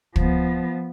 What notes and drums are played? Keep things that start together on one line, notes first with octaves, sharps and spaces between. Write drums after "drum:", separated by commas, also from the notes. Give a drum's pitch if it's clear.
F3 B3, drum: kick